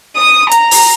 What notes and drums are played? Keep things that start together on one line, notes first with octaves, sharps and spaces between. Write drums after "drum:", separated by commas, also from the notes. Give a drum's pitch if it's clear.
D#6
A#5, drum: hi-hat
drum: open hi-hat